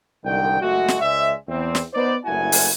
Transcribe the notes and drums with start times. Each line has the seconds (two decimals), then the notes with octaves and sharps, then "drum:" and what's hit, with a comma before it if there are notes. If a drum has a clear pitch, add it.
0.24 C2 G#2 D3 D#3 G5
0.60 F#1 G#3 A3 F#4
0.88 drum: snare
1.01 C#2 G#3 D5 E5
1.48 E2 C4
1.75 drum: snare
1.93 B3 D#4 B4 C5 D5
2.25 F#1 G2 A3 E4 F#4 G#5
2.52 drum: open hi-hat